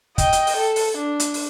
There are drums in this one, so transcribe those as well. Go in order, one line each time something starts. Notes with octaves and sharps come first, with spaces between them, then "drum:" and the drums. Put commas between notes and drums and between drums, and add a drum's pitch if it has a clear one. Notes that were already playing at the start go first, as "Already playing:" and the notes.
D#5 G5, drum: kick, hi-hat
drum: hi-hat
drum: open hi-hat
A4
drum: open hi-hat
D4
drum: hi-hat
drum: open hi-hat